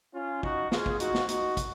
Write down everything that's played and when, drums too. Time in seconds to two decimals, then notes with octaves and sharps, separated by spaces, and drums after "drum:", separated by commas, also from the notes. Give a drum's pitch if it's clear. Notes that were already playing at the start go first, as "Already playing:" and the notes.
0.15 C#4 F4
0.43 D#4 F#4, drum: kick
0.72 F4 G#4, drum: snare
0.86 drum: kick
1.00 D#4 F#4, drum: hi-hat
1.14 drum: snare
1.29 D#4 F#4, drum: hi-hat
1.57 drum: kick, hi-hat